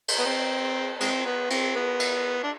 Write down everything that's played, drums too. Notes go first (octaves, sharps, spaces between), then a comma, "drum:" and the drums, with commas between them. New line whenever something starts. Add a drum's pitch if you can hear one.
drum: cymbal
B3
C4
G#3 C4, drum: cymbal
B3
C4, drum: cymbal
B3
drum: cymbal
D4